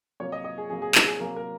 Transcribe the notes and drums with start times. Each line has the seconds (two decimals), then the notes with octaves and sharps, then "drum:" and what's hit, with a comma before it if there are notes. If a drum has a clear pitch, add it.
0.20 C3 F#3 A#3 C#5
0.32 D#5
0.44 D#5
0.58 G#4
0.70 C3 F#3 A#3 G#4
0.82 G#4
0.95 G#4, drum: clap
1.07 G#4
1.20 C3 F#3 A#3 A#4
1.36 A#4